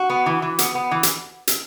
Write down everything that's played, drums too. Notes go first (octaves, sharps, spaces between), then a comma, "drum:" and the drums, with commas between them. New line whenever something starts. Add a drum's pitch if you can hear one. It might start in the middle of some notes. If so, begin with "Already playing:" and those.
Already playing: F#4
B3
E3
E3
B3, drum: hi-hat
B3
E3
drum: hi-hat
drum: hi-hat